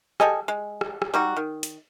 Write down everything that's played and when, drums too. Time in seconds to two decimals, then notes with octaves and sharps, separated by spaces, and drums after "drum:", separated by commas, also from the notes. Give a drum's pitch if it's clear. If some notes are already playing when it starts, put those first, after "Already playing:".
0.20 G4 A4 D#5 G#5, drum: rim click
0.48 G#3
0.81 drum: rim click
1.02 drum: rim click
1.14 G3 D#4 F#4
1.37 D#3
1.63 drum: hi-hat